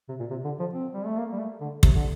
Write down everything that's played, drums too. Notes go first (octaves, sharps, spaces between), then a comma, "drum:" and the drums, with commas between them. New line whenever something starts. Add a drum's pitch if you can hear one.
C3
A#2
C3
D3
F3
C4
G3
A3
A#3
G3
A3
D3
C3, drum: kick
D3